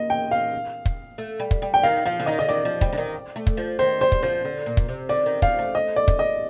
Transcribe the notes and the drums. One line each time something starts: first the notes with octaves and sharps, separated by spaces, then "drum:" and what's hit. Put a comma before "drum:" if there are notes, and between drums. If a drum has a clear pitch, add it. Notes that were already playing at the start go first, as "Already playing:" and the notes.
Already playing: A#3 D#5
G5
F5
drum: kick
A3
G3
drum: kick
G3
G5
D#3 F5
F3 F5
D3
D#3 D#5
D3 D#5
D#3 D5
F3
G3, drum: kick
D3
D#3
A3
drum: kick
F3
D#3 C5
G3 C5
drum: kick
F3 C5
D3
A#2
drum: kick
C3
D3 D5
D#3
F3 F5, drum: kick
A3
D#5
D5
drum: kick
D#5